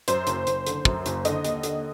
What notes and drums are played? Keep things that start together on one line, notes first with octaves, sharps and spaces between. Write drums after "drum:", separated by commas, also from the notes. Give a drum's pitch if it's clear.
F#2 C5, drum: hi-hat
F#1, drum: hi-hat
F#1, drum: hi-hat
D3, drum: hi-hat
F#2, drum: kick
F#1, drum: hi-hat
D3 D#5, drum: hi-hat
D#2, drum: hi-hat
D3, drum: hi-hat